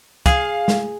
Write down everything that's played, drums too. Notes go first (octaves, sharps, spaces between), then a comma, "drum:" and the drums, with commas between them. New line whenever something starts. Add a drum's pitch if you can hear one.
G#4 F5, drum: kick, hi-hat
drum: snare